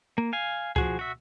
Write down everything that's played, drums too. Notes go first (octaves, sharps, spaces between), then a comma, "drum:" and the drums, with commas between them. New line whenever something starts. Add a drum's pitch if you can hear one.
A#3
F5 G#5
F3 F#4 G#4, drum: kick C#2
F#4 E5